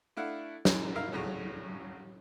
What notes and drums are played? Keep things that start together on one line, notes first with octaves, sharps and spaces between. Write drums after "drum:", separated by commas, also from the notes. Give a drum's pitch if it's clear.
A3 D4 E4 F5 F#5
F#2 F#3 G#3 A#4, drum: snare
B2 D#4 A#4 E5 F5
G#1 A2 C#3 F#3